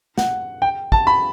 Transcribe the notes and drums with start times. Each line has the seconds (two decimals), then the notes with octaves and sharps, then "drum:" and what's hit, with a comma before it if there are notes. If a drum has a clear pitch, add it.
0.18 F#5, drum: snare
0.62 G5
0.92 A5, drum: kick
1.07 B5